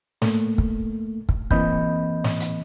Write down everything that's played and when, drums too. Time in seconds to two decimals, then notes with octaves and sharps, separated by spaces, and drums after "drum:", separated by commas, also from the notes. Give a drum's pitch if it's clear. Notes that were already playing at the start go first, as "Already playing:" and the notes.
0.22 A3 A#3, drum: snare
0.58 drum: kick
1.29 drum: kick
1.51 E3 A#3 C4 D#5 B5 G6, drum: kick
2.24 drum: snare
2.40 drum: hi-hat